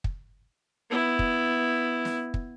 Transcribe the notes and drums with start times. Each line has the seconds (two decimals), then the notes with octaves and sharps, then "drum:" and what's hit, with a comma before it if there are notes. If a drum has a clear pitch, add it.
0.04 drum: kick
0.90 B3 E4
1.19 drum: kick
2.05 drum: snare
2.34 drum: kick